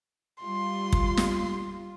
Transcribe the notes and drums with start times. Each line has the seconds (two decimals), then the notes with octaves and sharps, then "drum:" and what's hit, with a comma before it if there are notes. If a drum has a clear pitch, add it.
0.43 G3 F4 C6
0.93 drum: kick
1.17 drum: snare